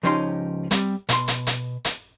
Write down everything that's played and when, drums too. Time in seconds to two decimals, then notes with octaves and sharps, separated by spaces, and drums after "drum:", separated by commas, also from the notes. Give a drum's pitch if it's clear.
0.03 C#2 F3 C#4 D#4 G4 C6
0.71 G3 C4, drum: hi-hat
1.09 B2 C6, drum: hi-hat
1.28 drum: hi-hat
1.47 drum: hi-hat
1.85 drum: hi-hat